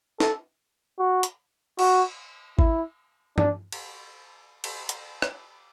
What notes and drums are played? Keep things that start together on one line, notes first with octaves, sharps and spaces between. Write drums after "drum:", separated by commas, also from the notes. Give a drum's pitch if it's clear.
A4, drum: snare
F#4
drum: hi-hat
F#4, drum: cymbal
E4, drum: kick G#1
D4, drum: tom G2
drum: cymbal
drum: cymbal
drum: hi-hat
drum: rim click